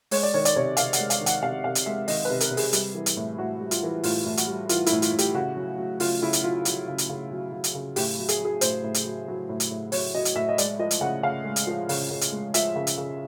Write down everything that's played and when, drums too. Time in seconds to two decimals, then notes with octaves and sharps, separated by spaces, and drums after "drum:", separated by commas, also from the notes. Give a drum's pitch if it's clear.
0.11 G#3 C#5, drum: open hi-hat
0.23 D5
0.34 D#3 C#5
0.45 D5, drum: hi-hat
0.56 C3 C#5
0.77 C3 F5, drum: hi-hat
0.93 F#5, drum: hi-hat
1.00 G#3
1.10 F5, drum: hi-hat
1.20 D#3
1.26 F#5, drum: hi-hat
1.42 C3 F5
1.64 C3 F5
1.75 drum: hi-hat
1.86 G#3 E5
2.08 D#3 D#5, drum: open hi-hat
2.25 B4
2.30 C3
2.40 A#4, drum: hi-hat
2.51 C3
2.57 G#4, drum: open hi-hat
2.73 G3, drum: hi-hat
2.95 E3
3.06 drum: hi-hat
3.16 A2
3.38 A2 F#4
3.61 G3
3.71 F4, drum: hi-hat
3.83 E3
4.03 A2 F4, drum: open hi-hat
4.26 A2
4.37 F#4, drum: hi-hat
4.47 G3
4.69 E3 F4, drum: hi-hat
4.86 E4, drum: hi-hat
4.92 A2
5.02 F4, drum: hi-hat
5.12 A2
5.19 G4, drum: hi-hat
5.35 C#3 F#4
5.56 F#3
5.78 F#3
6.00 C#3 F4, drum: open hi-hat
6.22 C#3 E4
6.33 drum: hi-hat
6.44 F#3 F4
6.65 F#3, drum: hi-hat
6.88 C#3
6.98 drum: hi-hat
7.09 C#3
7.31 F#3
7.52 F#3
7.64 drum: hi-hat
7.75 C#3
7.96 A2 G4, drum: open hi-hat
8.18 F#3
8.29 G#4, drum: hi-hat
8.40 F#3 G#4
8.61 A2 C5, drum: hi-hat
8.83 A2
8.94 drum: hi-hat
9.05 F#3
9.28 F#3
9.49 A2
9.60 drum: hi-hat
9.71 A2
9.92 F#3 C#5, drum: open hi-hat
10.14 F#3 D#5
10.25 drum: hi-hat
10.35 A2 E5
10.49 D#5
10.58 G#3 D5, drum: hi-hat
10.79 F3 D#5
10.91 drum: hi-hat
11.01 C#3 F#5
11.23 C#3 F5
11.45 G#3
11.56 drum: hi-hat
11.67 F3
11.89 C#3, drum: open hi-hat
12.11 C#3
12.21 drum: hi-hat
12.32 G#3
12.54 F3 E5, drum: hi-hat
12.76 C#3
12.87 drum: hi-hat
12.97 C#3